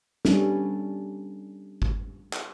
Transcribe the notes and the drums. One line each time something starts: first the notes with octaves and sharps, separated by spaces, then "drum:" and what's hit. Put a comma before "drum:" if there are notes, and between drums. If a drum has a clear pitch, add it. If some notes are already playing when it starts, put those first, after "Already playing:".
G3 B3 C#4 D4 A4, drum: snare
drum: kick G#1
drum: clap